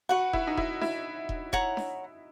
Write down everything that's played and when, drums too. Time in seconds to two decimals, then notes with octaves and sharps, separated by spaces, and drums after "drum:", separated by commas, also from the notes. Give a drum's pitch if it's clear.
0.09 F#4 B4 F#5 C#6
0.33 E4, drum: kick E1
0.47 D#4
0.57 E4, drum: kick E1
0.81 E4, drum: snare D4
1.29 drum: kick E1
1.53 C#5 F#5 A#5, drum: kick E1
1.77 drum: snare D4